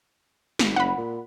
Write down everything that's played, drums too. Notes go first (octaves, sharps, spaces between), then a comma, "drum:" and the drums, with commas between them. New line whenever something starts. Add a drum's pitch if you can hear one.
G#1, drum: snare
F#1 F#5 B5
A#2